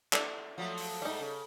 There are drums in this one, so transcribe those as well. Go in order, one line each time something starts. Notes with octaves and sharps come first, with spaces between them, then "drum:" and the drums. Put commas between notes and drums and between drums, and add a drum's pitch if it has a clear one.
D4 E4 A4, drum: clap
F3 F#3 A3
drum: open hi-hat
G#2 G3 A3 D#4
C#3